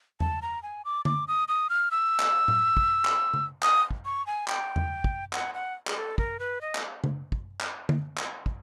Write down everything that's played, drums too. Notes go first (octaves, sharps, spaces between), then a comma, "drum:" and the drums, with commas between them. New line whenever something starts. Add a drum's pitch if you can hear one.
A5, drum: tom E2
A#5
G#5
D6
D6, drum: tom D3
D#6
D#6
F6
E6
drum: clap
drum: tom A2
drum: kick
drum: clap
drum: tom C#3
D#6, drum: clap
drum: kick
C#6
G#5
G5, drum: clap
drum: tom E2
drum: kick
F#5, drum: clap
F#5
G#4, drum: clap
A4
A#4, drum: kick
B4
D#5
drum: clap
drum: tom C#3
drum: kick
drum: clap
drum: tom D3
drum: clap
drum: kick